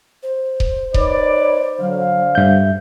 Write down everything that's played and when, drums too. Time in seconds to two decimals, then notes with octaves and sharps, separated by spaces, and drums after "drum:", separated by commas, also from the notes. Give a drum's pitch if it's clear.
0.23 C5
0.60 drum: kick D#1
0.94 D#4 B4 C#5 D5, drum: kick D#1
1.80 D3 F#3 F5
2.35 G2 E5 G6